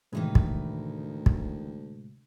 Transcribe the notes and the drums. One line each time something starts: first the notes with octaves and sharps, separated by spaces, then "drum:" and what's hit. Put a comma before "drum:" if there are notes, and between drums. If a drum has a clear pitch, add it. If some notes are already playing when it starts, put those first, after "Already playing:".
D2 A2 C3 D#3 E3 G#3 B4
drum: kick
drum: kick